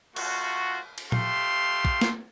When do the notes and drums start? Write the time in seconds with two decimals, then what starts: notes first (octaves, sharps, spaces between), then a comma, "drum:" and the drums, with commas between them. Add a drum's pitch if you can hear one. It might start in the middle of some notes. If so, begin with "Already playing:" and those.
0.16 A3 F4 F#4, drum: cymbal
0.98 drum: cymbal
1.12 A3 G4 F5 C6, drum: tom A#2
1.85 drum: kick
2.01 drum: snare